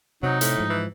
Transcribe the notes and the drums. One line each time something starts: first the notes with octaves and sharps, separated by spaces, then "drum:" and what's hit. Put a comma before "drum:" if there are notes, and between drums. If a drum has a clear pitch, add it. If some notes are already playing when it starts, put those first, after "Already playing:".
C3 F#3 D#4
A2, drum: hi-hat
G#2 F3
E3